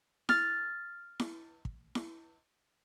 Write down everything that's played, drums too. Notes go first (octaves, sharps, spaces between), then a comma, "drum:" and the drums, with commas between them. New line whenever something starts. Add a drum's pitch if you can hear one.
F6 A6, drum: snare E4
drum: snare E4
drum: kick
drum: snare E4